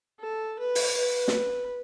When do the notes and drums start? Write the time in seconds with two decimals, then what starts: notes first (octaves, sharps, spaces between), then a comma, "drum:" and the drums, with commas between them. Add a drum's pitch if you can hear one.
0.20 A4
0.59 B4
0.75 drum: open hi-hat
0.97 B4
1.28 drum: snare